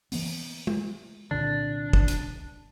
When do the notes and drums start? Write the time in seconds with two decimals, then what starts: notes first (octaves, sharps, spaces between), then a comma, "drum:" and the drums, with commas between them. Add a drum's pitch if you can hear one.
0.12 E3 A#3 B3, drum: open hi-hat
0.67 drum: tom G#3
1.31 C2 A#2 D3 D4
1.93 drum: kick
2.08 drum: hi-hat